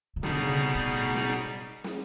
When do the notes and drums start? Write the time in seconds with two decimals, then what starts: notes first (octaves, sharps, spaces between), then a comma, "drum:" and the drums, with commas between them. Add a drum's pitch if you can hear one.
0.16 C#3
0.23 B2 D3 G3 B3 D#4 G#4, drum: snare
0.40 C#3
0.58 C3
0.75 C#3
0.92 A2
1.15 drum: snare
1.84 drum: snare